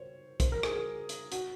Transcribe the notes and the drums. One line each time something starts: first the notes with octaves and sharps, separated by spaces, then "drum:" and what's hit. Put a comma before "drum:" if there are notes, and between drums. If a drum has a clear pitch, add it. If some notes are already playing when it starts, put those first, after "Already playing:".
Already playing: C5 C#5
C5, drum: kick, hi-hat
A#4
G#4, drum: rim click
G#4
drum: hi-hat
F#4, drum: hi-hat